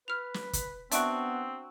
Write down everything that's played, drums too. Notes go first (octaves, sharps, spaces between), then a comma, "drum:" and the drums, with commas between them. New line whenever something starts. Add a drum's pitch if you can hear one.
B4 F6 F7
drum: snare
drum: kick, hi-hat
B3 C4 D4 F#4 E5 C#6 D7, drum: hi-hat